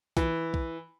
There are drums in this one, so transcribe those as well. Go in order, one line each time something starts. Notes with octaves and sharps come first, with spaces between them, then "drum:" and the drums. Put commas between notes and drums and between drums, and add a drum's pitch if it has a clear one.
E3, drum: kick B1, hi-hat
drum: kick B1